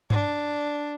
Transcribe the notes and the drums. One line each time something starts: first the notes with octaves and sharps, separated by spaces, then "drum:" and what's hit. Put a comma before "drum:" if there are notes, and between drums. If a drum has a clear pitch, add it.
D4, drum: tom G2